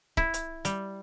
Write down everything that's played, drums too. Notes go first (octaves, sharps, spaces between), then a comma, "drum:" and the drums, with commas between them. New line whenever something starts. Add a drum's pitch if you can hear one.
E4, drum: kick C#1
drum: hi-hat
G3, drum: hi-hat